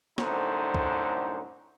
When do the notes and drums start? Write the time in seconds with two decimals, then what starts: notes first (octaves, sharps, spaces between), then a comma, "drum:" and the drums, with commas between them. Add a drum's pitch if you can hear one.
0.18 C2 F#2 A2 D3 D#4 C5, drum: snare
0.74 drum: kick